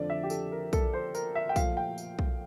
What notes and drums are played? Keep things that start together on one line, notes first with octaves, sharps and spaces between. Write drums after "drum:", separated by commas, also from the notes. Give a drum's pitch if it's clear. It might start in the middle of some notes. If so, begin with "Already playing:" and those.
Already playing: F2 D3 F3 A3 D4 D5
E5
G4
A4, drum: tambourine
A#4
A4, drum: kick, tambourine
C5
A#4, drum: tambourine
E5
G5
A#2 F3 A3 F5, drum: kick, tambourine
G5
drum: tambourine
drum: kick